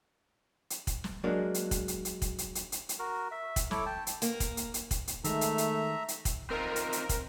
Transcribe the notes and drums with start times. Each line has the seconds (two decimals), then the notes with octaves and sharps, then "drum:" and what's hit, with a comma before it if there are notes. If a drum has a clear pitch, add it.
0.70 drum: hi-hat
0.87 drum: kick, hi-hat
1.04 drum: snare
1.24 F#3 G#3 A#3 D4
1.54 drum: hi-hat
1.71 drum: kick, hi-hat
1.88 drum: hi-hat
2.05 drum: hi-hat
2.22 drum: kick, hi-hat
2.38 drum: hi-hat
2.55 drum: hi-hat
2.72 drum: hi-hat
2.89 drum: hi-hat
2.99 F#4 A#4
3.31 E5
3.56 drum: kick, hi-hat
3.71 E4 A4 C#5 D6, drum: snare
3.86 G5 A5
4.07 drum: hi-hat
4.22 A#3, drum: hi-hat
4.40 drum: kick, hi-hat
4.57 drum: hi-hat
4.74 drum: hi-hat
4.91 drum: kick, hi-hat
5.08 drum: hi-hat
5.24 D#3 G#3 A3 E5 A#5, drum: hi-hat
5.41 drum: hi-hat
5.58 drum: hi-hat
6.08 drum: hi-hat
6.25 drum: kick, hi-hat
6.50 C4 D#4 F4 A#4
6.76 drum: hi-hat
6.93 drum: hi-hat
7.09 drum: kick, hi-hat